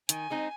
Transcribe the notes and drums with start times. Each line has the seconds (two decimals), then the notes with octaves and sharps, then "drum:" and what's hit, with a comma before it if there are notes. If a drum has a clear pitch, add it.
0.09 D#3 G#5, drum: hi-hat
0.30 G#3 C4 D#4